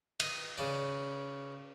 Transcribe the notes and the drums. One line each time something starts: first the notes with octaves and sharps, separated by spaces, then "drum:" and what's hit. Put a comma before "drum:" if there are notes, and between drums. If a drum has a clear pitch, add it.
D#5, drum: cymbal
C#3 D5